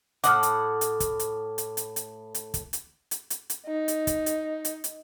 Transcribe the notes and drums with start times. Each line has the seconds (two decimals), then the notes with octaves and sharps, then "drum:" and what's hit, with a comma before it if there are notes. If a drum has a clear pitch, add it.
0.24 A2 C4 F#5 D6 D#6 F6, drum: hi-hat
0.43 drum: hi-hat
0.81 drum: hi-hat
1.00 drum: kick, hi-hat
1.19 drum: hi-hat
1.58 drum: hi-hat
1.77 drum: hi-hat
1.96 drum: hi-hat
2.35 drum: hi-hat
2.54 drum: kick, hi-hat
2.73 drum: hi-hat
3.11 drum: hi-hat
3.30 drum: hi-hat
3.50 drum: hi-hat
3.66 D#4
3.88 drum: hi-hat
4.07 drum: kick, hi-hat
4.26 drum: hi-hat
4.65 drum: hi-hat
4.84 drum: hi-hat